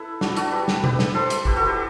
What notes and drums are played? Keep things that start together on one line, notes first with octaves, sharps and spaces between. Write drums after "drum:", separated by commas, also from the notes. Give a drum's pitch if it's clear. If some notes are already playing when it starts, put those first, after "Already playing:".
Already playing: E4 A4 B4
D4 F#4, drum: snare
F#4 A4, drum: hi-hat
G4 B4
drum: snare
G4 B4, drum: tom B2
drum: snare
A4 C5
drum: hi-hat
G4 B4, drum: kick
F#4 A4
E4 G4